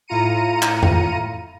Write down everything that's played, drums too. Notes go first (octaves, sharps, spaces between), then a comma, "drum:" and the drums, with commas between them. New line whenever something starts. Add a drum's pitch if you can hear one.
A2 E4 F4 A#5 C#7 D#7
drum: clap
drum: tom F2